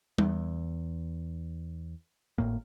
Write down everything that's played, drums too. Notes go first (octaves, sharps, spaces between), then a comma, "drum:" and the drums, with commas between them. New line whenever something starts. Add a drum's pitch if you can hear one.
E2, drum: tom G3
G#1 F2 A2 A#3